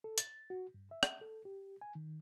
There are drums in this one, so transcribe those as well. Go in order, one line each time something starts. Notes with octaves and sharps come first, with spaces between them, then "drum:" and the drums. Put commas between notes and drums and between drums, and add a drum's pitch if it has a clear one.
A4
A6, drum: hi-hat
F#4
G2
E5
drum: rim click
A4
G4
G#5
D#3